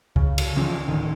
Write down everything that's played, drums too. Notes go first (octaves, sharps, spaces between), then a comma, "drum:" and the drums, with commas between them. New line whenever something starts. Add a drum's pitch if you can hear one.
C#3, drum: kick C#2
drum: cymbal
C#3 E3 F3 C#4
D1 D3 D#3